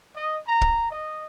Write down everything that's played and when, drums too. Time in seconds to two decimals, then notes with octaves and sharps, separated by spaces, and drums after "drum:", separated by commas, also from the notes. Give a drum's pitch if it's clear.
0.15 D#5
0.46 A#5
0.61 drum: kick
0.90 D#5